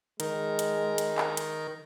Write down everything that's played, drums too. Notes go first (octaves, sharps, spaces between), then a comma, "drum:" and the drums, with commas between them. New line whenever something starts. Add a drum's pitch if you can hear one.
D#3 G#3 A#4, drum: hi-hat
drum: hi-hat
drum: hi-hat
drum: clap
drum: hi-hat